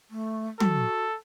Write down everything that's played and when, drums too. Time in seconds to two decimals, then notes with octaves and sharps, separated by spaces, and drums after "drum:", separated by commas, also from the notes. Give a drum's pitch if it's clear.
0.10 A3
0.60 F#4 A4, drum: tom